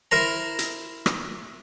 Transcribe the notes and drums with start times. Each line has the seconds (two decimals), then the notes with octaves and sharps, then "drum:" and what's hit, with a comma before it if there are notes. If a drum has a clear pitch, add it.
0.11 E4 A#4 C5 A#5
0.59 drum: hi-hat
1.06 drum: rim click